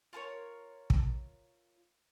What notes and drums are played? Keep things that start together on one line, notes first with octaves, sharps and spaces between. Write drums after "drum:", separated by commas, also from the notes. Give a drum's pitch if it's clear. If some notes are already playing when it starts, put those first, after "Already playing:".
F4 A4 A#4 C#5
drum: kick